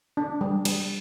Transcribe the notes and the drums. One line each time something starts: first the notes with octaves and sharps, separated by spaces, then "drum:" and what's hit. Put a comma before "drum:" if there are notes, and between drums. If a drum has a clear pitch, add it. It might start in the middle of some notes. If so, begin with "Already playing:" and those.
D4
G3
G3, drum: cymbal